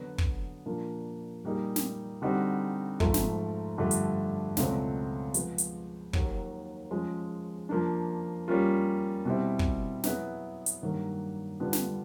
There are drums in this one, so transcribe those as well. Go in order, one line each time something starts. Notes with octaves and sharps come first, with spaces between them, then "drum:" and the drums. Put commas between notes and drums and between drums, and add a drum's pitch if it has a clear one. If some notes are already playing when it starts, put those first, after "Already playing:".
Already playing: D3 F#3 B3
drum: kick
A#2 F3 A#3 D4
A#2 G3 A#3 D#4 G#4
drum: snare
D3 G3 C4 D#4 F#4
G#2 F3 A3, drum: kick
drum: snare
G2 D3 F3 A3
drum: hi-hat
C#2 B2 F#3 A3 C4, drum: snare
F3 G#3 B3, drum: hi-hat
drum: hi-hat
D#2 D#3 F#3 A#3, drum: kick
F3 G#3 C#4
F3 A#3 D4
G3 A#3 C#4 F4
B2 G3 C4 E4
drum: kick
F#3 B3 E4 G#4, drum: snare
drum: hi-hat
G2 D#3 F#3 A#3
D3 G3 B3 D4 F4
drum: snare